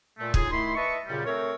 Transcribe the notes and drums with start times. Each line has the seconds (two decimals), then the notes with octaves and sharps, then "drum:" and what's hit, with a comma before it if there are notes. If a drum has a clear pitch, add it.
0.18 A#2 A3
0.34 A2 D#4 F4 G#4, drum: kick
0.50 D#3 A3 E4 B5 C6
0.75 B4 D#5 E5 A5 C#6
1.07 F#2 A#2 C#3 G3
1.25 A3 C4 A#4 C#5